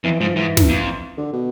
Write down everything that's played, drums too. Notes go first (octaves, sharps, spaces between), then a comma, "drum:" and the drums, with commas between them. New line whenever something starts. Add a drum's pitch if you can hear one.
F2 E3
G#2 F3
G#2 E3
drum: snare
F2
D3
B2